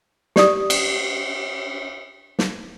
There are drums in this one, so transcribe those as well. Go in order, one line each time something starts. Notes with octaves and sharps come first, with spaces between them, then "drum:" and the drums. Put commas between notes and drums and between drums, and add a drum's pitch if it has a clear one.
G4 D5 D#6, drum: snare
drum: cymbal
drum: snare